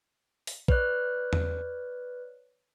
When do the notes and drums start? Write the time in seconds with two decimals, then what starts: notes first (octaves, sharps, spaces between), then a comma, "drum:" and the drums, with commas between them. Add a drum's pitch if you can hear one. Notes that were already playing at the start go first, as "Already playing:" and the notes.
0.47 drum: open hi-hat
0.68 B4 C#5 D5 F#6, drum: kick
1.33 drum: tom E2